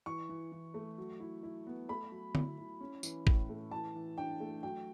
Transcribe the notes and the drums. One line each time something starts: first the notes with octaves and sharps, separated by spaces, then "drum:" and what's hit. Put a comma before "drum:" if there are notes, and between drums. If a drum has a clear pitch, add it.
E3 C#6
E3
E3
A3
F#3
E4
E4
B3
A3 B5
F#3
E4, drum: tom D3
E4
C#4
E3, drum: tambourine
A2, drum: kick
A3
E3 A5
E3
D4 G5
A3
F#3 G5